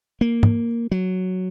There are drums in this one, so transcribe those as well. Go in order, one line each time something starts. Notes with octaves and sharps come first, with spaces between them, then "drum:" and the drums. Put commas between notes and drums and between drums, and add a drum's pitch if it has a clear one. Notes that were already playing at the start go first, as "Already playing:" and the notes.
A#3
drum: tom G#2
F#3